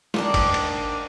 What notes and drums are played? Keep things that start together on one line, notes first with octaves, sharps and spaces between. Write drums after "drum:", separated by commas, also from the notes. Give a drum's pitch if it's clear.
D#3 A#3 D4, drum: snare
drum: kick, cymbal
drum: cymbal